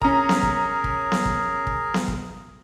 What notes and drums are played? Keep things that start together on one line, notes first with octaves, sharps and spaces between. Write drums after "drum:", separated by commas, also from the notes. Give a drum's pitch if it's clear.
C#4 G#4 A#4 A#5, drum: kick
drum: snare B3
drum: kick
drum: kick
drum: snare B3
drum: kick
drum: kick
drum: snare B3
drum: kick